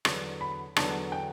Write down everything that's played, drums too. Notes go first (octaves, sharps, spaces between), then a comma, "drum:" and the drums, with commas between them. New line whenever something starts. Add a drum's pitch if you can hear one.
E2 D3 F#3 B3 D4, drum: rim click
B5
E2 D3 F#3 B3 D4 A5, drum: rim click
G5